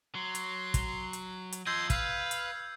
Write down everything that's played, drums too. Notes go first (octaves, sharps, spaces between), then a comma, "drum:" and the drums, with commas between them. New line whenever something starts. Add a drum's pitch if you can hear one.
F#3 C6
drum: hi-hat
drum: kick, hi-hat
drum: hi-hat
drum: hi-hat
F3 D#5 C6 E6 G6 G#6
B4 F5 C7, drum: kick, hi-hat
drum: hi-hat